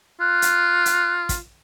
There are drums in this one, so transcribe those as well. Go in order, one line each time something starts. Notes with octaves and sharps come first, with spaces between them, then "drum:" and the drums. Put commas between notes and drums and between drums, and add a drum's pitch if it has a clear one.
F4 F#6
drum: hi-hat
drum: hi-hat
drum: kick, hi-hat